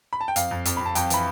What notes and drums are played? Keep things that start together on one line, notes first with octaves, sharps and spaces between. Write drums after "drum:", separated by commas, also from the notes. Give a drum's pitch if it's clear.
B5
A5
G5
F2 F5, drum: hi-hat
F2
F2, drum: hi-hat
F2 B5
A5
F2 G5, drum: hi-hat
E3 B5, drum: hi-hat